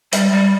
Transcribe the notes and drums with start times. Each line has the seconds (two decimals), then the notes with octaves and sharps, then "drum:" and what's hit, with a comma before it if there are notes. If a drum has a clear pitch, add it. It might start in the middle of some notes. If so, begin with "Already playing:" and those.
0.12 G3, drum: hi-hat
0.32 G3